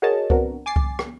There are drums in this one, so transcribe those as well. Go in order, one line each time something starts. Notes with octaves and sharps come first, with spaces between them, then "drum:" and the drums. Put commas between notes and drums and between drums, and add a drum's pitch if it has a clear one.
F#4 G#4 A#4 C#5 D#5 A5
B3 C4 D4 F#4 A#4, drum: kick C2
G#5 D6 A6 C7
drum: kick C2
drum: rim click